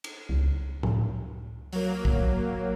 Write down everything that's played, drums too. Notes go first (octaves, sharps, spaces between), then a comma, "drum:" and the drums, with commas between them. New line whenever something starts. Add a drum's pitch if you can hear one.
drum: cymbal
C#2
drum: tom
F#3 A#3, drum: open hi-hat
drum: kick